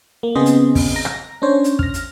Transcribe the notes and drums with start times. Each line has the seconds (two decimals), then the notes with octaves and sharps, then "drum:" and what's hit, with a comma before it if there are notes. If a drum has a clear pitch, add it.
0.23 A#3
0.35 C#3 B3 C4 G#4 C5 D#5
0.46 drum: hi-hat
0.75 drum: kick, open hi-hat
0.96 A#5 A#6
1.05 drum: rim click
1.42 C#4 D4 C5 C#5
1.64 drum: hi-hat
1.79 F6 A#6, drum: kick
1.94 drum: hi-hat